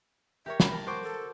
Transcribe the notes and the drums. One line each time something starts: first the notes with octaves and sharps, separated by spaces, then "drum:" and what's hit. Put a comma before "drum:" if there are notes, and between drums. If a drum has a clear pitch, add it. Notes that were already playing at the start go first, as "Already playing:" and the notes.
G4 A#4 C#5 E5
B5, drum: snare
A#4 A5
F#4 C5 C#6 D6
A4